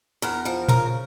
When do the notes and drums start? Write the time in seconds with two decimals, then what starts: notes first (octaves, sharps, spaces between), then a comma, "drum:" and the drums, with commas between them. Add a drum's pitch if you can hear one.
0.22 E2 A#4
0.45 F3 A#4
0.68 C#3 A#4, drum: tom A#2